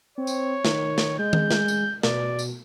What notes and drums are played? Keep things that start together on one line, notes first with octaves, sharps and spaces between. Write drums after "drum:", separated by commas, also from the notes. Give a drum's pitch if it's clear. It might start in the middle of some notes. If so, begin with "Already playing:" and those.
C4 C#5
drum: tambourine
D#3, drum: snare
drum: snare
G#3 G6
drum: tom D#3
drum: snare
drum: tambourine
B2 D5, drum: snare
drum: tambourine